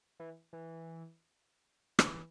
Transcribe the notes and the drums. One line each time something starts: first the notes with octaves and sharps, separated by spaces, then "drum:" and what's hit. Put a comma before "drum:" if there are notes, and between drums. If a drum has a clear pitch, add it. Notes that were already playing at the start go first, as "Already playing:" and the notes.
E3
E3
D3, drum: rim click
E3